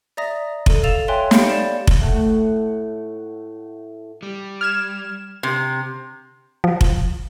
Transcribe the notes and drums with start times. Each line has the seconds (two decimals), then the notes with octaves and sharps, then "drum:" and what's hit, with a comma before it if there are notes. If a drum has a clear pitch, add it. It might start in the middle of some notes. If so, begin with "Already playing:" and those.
0.17 D5 E5 A#5 D#6 A#6
0.66 A4 D#7, drum: kick F1
0.83 F5 E6 A6 E7 F7
1.08 C#5 E5 G5 G#5 C6 F#6
1.31 G4 F5 B5 G6 C#7 D7, drum: snare
1.50 D5 E7
1.87 drum: kick F1
2.01 A2 A3 F#5
4.23 G3
4.61 F6 G#6 E7
5.43 C3
6.64 F3
6.81 drum: kick F1